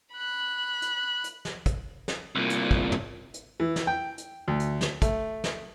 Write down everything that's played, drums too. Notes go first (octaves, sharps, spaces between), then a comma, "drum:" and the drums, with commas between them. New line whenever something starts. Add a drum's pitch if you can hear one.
B5 F#6
drum: hi-hat
drum: hi-hat
drum: snare
drum: kick, hi-hat
drum: snare
C2 A#2
drum: hi-hat
drum: kick
drum: tom
drum: hi-hat
E3
drum: snare
G5
drum: hi-hat
D2
drum: hi-hat
drum: snare
A3, drum: kick, hi-hat
drum: snare